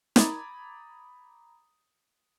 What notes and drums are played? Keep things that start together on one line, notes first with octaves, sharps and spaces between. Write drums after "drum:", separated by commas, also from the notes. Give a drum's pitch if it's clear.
A#5 B5 D6 D#6 G#6 A6, drum: snare